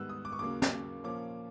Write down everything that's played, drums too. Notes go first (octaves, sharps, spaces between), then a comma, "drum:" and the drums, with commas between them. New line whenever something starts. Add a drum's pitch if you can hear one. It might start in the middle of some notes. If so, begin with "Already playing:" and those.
Already playing: G#2 D#3 G3 B3 E6 F#6
D#6
D6
C#6
D#2 C#3 F#3 A#3 D6
drum: snare
A#2 F3 A#3 C#4 D6